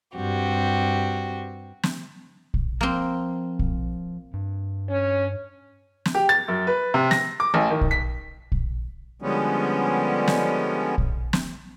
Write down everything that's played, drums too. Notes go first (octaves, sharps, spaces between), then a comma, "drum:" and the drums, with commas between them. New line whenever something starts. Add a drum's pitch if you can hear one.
G2 C4 F#4 G4
drum: snare
drum: kick A#1
F3 A#3 C4
drum: kick A#1
G2 D4
C#4
drum: snare
G4
A6
F#2
B4
C3
A#6, drum: snare
D6
A1
D#3
drum: kick A#1
B6
drum: kick A#1
D3 F3 G3 G#3 B3 C#4
drum: snare
drum: kick A#1
drum: snare